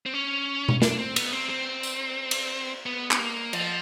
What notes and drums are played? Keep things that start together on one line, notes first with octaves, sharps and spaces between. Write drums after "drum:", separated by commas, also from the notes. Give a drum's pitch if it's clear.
C4
C#4
drum: tom B2
D4, drum: snare
C4
B3, drum: cymbal
C4
C4
drum: tambourine
drum: cymbal
B3
B3, drum: clap
A#3
F3, drum: cymbal